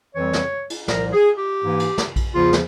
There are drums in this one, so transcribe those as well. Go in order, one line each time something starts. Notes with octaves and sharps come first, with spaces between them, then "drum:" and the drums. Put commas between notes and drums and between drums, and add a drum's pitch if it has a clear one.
F2 E3 G3 C4 C#5
drum: snare
drum: cymbal
C2 A#2 F3 A#4, drum: snare
G#4
G4
G#2 E3 A#3
drum: cymbal
drum: snare
drum: kick A#1, cymbal
E2 C#3 F3 F4
drum: snare